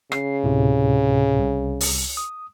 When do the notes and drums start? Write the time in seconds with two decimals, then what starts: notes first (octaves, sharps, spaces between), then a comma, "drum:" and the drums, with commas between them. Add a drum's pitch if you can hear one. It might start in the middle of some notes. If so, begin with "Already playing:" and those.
0.12 C#3 C7, drum: rim click
0.43 D2 A2 C3
1.39 C2
1.81 drum: open hi-hat
2.17 D#6